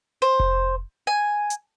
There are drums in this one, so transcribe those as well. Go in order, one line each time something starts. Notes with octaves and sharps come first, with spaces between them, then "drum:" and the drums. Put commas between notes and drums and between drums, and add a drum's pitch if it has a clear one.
C5
drum: kick F1
G#5
drum: hi-hat